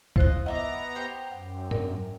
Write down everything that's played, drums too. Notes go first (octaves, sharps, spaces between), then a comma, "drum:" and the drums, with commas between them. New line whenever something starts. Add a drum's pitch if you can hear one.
E4 F4 C5 D#5 F#6, drum: kick
B3 D#5 E5 F#5 A#5 D6
G4 C5 G5
F#2 F#5
A#4 D5, drum: tom G#2